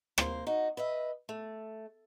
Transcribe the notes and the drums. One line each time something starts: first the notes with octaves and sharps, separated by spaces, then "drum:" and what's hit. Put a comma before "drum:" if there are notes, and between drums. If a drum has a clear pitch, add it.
A#3 C5, drum: rim click
D#4 F#4
B4 D#5 E5
A3